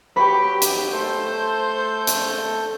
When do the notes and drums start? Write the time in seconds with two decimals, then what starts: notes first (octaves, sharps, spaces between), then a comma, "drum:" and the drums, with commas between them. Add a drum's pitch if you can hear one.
0.16 F#3 G4 B4 B5 C#6
0.62 drum: hi-hat
0.93 A3 A4 C5 G6
2.07 drum: hi-hat